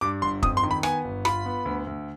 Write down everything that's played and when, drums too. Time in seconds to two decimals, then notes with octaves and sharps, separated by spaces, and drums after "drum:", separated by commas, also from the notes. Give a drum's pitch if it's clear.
0.01 G2 D6
0.22 G1 C6
0.43 F2 D#6, drum: kick
0.57 C6
0.63 D#3
0.71 B5
0.83 B3 G#5, drum: rim click
1.04 G1
1.25 F4 B5, drum: rim click
1.46 B3
1.65 D2
1.87 D2